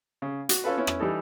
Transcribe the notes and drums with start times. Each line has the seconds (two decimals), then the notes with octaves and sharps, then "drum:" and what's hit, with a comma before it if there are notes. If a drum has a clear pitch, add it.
0.22 C#3
0.49 F#4, drum: hi-hat
0.64 C#4 F4 A4 B4
0.77 B3 C#4 E4
0.87 drum: rim click
1.00 E3 G3 D#4 A4